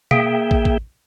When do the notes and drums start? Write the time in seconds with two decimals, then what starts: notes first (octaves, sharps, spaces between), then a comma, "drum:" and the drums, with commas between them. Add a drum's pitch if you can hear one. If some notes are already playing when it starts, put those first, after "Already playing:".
0.11 A#3 G#4 E5 G5, drum: tom B2
0.51 drum: kick
0.65 drum: kick